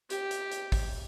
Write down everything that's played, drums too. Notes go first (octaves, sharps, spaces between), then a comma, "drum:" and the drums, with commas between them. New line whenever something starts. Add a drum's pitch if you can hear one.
G4, drum: hi-hat
drum: hi-hat
drum: hi-hat
drum: kick, open hi-hat